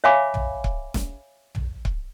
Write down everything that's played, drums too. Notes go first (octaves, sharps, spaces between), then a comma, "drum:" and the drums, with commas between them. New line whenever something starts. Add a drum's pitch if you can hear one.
C#5 E5 F5 G#5 B5 D6
drum: tom
drum: kick C#1
drum: snare
drum: tom
drum: kick C#1